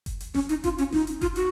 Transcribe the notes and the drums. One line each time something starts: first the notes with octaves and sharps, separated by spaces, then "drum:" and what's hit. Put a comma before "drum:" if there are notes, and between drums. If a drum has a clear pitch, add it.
drum: kick F#1, hi-hat
drum: hi-hat
C#4, drum: snare F1
D#4, drum: hi-hat
F4, drum: kick F#1, hi-hat
C#4, drum: hi-hat
D#4, drum: snare F1
drum: hi-hat
F4, drum: kick F#1, hi-hat
F#4, drum: hi-hat